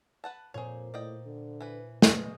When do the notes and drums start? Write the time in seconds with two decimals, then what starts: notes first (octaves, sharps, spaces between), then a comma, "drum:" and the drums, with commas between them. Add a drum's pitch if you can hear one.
0.24 B4 F#5 A5
0.54 F2 A#2 G#4 C5 C#5
0.94 A2 D5 D#5 G5
1.26 D3
1.61 E3 B4
2.02 B3 C#4 F#4 G#4 D#5, drum: snare